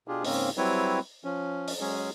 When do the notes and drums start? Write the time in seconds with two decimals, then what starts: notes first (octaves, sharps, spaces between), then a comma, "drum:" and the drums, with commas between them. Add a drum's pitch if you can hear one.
0.08 B2 D4 F4 G4 G#4
0.25 G#2 C#3 A#3 C4 C#4, drum: open hi-hat
0.58 F#3 G3 C4 E4 B4 C#5
1.24 F3 C#4
1.68 drum: open hi-hat
1.81 F#3 G#3 C#4 G#4